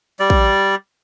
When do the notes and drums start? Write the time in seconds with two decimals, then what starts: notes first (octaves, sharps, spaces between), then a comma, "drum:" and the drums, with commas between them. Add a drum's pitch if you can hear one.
0.20 G3 D5
0.30 drum: kick